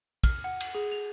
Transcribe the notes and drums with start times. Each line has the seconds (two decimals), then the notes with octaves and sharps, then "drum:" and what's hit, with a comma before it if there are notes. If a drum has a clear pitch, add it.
0.24 F6, drum: kick, cymbal
0.44 F#5
0.61 drum: cymbal
0.75 G#4
0.92 F7